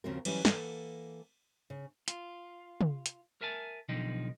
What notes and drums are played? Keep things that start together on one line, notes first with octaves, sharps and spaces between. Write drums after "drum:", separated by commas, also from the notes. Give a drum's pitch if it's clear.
D#2 C#3 F3 C4 F#4 A#4
E3 F#3 G3 C#4 E4 B4, drum: cymbal
E3 A#3 A4 F#5 A5, drum: snare
C#3
F4, drum: hi-hat
drum: tom
drum: hi-hat
A#4 E5 G#5 A5
B1 D3 F3 D#4 D#5 G5